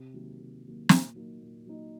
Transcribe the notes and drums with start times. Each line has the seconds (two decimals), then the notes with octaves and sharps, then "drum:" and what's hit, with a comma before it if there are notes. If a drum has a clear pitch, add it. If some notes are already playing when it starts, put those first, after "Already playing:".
Already playing: C3
0.14 D#3 F#3 A#3
0.39 C3
0.64 D#3 F#3 A#3
0.89 A#2, drum: snare
1.15 F#3 A#3 D#4
1.41 A#2
1.66 F#3 A#3 D#4